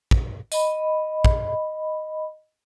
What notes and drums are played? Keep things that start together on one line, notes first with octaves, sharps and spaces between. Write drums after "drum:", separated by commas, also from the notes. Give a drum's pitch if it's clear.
drum: kick
D#5 B5, drum: tambourine
drum: kick